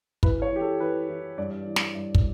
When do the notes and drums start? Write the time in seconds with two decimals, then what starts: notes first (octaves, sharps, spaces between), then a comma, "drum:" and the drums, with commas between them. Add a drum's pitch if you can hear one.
0.23 E3 B4, drum: kick
0.42 C#5
0.52 E3 G4
0.61 A4
0.80 E3 B4
1.09 E3
1.38 G2 D5
1.66 E3
1.76 drum: snare
1.95 G2
2.15 drum: kick